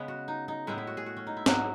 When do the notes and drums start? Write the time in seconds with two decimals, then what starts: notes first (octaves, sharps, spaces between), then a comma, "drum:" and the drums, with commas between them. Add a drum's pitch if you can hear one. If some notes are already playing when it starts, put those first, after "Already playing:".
Already playing: C#3 G#3 B3
0.08 F#4
0.28 D#4
0.48 D#4
0.67 A2 G#3 B3 E4
0.78 E4
0.87 F#4
0.97 G#4
1.06 F#4
1.17 C#4
1.27 D#4
1.37 E4
1.46 G#2 F#3 B3 F#4, drum: snare